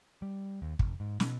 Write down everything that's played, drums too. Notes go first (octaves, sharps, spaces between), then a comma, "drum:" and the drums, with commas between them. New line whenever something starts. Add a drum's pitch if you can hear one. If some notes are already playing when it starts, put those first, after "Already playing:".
G3
D#2
F1, drum: kick
G#2
B2, drum: snare